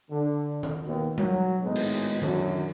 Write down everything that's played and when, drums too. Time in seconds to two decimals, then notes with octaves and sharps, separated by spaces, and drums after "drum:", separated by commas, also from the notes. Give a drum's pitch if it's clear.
0.11 D3
0.63 drum: tom D#3
0.86 D#2 B2
1.18 F#3, drum: tom G3
1.64 G#1 A2 G#3 B3 D#4
1.76 drum: cymbal
2.22 F#2 A2 D3 F#3, drum: tom D#3